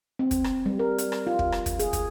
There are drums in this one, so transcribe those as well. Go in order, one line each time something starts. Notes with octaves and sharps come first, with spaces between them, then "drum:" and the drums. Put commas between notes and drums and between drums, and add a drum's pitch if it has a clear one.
C4
drum: kick, hi-hat
drum: rim click
G3
A#4
drum: hi-hat
drum: rim click
F4
drum: kick
drum: rim click
drum: kick, hi-hat
G#4, drum: hi-hat
drum: kick, hi-hat